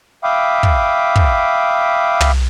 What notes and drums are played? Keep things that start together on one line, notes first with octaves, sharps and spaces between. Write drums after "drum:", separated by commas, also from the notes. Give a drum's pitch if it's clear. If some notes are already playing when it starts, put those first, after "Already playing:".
E5 F5 G5 B5 D6 D#6
drum: kick
drum: kick
drum: tom